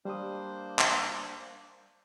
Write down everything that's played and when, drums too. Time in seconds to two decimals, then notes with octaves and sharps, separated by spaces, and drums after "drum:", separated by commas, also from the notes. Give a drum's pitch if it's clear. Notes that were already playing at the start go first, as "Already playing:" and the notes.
0.05 G3 A#3 D4 C5 D#6
0.79 drum: clap